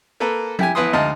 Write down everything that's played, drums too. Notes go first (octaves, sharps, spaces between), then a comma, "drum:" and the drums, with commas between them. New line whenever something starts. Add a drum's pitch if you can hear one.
A#3 A4 B4
E4 G4 G#5, drum: tom F3
A1 B3 E4 B4 C6 D#6
D2 G#3 D#4 D#5 F5 A5